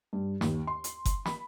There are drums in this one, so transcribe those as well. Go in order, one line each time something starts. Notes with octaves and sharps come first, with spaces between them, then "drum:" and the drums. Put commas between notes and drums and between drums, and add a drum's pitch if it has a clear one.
G2
D#2, drum: snare
C6
drum: hi-hat
drum: kick F#1, hi-hat
B5, drum: snare